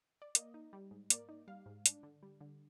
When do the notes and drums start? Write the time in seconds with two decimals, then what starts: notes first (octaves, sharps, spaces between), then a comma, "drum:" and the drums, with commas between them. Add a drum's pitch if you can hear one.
0.22 D5
0.35 A#3 D#5, drum: hi-hat
0.54 D#4
0.73 G3
0.91 G#2
1.10 A#3 D5, drum: hi-hat
1.29 D#4
1.48 G3 F5
1.66 G#2
1.86 D4, drum: hi-hat
2.03 D3
2.23 G3
2.41 D3